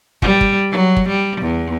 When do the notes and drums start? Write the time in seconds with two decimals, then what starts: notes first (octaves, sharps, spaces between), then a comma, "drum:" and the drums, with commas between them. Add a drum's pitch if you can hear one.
0.22 G3, drum: kick
0.41 drum: kick
0.72 F#3
0.96 drum: kick
1.09 G3
1.41 E2